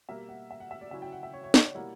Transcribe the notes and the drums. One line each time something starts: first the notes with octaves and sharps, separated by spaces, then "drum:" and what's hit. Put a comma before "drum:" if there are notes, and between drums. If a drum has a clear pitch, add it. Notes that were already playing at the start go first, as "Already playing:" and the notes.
B2 G3 A#3 E5
F#5
E5
F#5
E5
D5
C#3 F#3 C#4 E4 E5
G5
F#5
E5
C#5
C#5
C#5, drum: snare
D5
B2 G3 A#3 E4 F#5